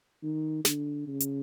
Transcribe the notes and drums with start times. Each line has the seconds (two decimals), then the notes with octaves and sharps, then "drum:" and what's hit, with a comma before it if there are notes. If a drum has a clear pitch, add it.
0.23 D#3
0.65 D3, drum: snare
1.07 C#3
1.20 drum: hi-hat